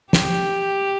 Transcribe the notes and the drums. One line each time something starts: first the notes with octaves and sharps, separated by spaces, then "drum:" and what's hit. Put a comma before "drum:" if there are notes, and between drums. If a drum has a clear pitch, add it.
G4, drum: snare